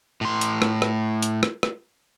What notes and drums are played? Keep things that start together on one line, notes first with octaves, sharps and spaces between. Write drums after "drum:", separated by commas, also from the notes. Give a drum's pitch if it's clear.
A2 C6
drum: hi-hat
drum: rim click
drum: rim click
drum: hi-hat
drum: rim click
drum: rim click